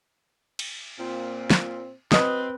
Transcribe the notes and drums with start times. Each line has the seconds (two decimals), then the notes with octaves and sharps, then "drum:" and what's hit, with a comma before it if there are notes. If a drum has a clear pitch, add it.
0.59 drum: cymbal
0.98 A#2 C4
1.50 drum: snare
2.12 F#3 C4 B4 D#5 D#6, drum: snare